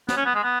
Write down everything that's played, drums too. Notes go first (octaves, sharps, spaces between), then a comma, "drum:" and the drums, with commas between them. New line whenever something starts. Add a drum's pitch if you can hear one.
B3, drum: snare
C#4
B3
G#3
B3